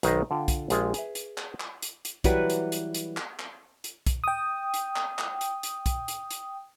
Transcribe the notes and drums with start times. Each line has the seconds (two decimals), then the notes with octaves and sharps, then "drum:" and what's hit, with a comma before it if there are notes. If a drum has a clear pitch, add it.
0.03 B1 D#3 F#4 B4 C5 D#5, drum: hi-hat
0.31 D3 F4 G5
0.48 drum: kick, hi-hat
0.70 A#1 G#3 F4 G4 G#4, drum: hi-hat
0.94 G#4 B4 E5, drum: hi-hat
1.15 drum: hi-hat
1.38 drum: clap
1.60 drum: clap
1.82 drum: hi-hat
2.05 drum: hi-hat
2.24 E3 F#3 G3 B4, drum: kick, hi-hat
2.50 drum: hi-hat
2.72 drum: hi-hat
2.94 drum: hi-hat
3.17 drum: clap
3.39 drum: clap
3.84 drum: hi-hat
4.06 drum: kick, hi-hat
4.24 G5 D#6
4.74 drum: hi-hat
4.96 drum: clap
5.19 drum: clap
5.41 drum: hi-hat
5.63 drum: hi-hat
5.86 drum: kick, hi-hat
6.08 drum: hi-hat
6.31 drum: hi-hat